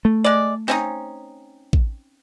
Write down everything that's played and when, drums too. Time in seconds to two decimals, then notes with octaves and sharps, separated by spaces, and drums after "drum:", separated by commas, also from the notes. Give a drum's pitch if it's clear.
0.05 A3
0.24 G#3 D5
0.68 C4 C#4 D#4, drum: snare
1.73 drum: kick